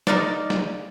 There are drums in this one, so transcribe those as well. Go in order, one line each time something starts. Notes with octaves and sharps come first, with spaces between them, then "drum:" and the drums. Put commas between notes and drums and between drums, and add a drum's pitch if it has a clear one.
D#4 A#4 D5, drum: snare
drum: snare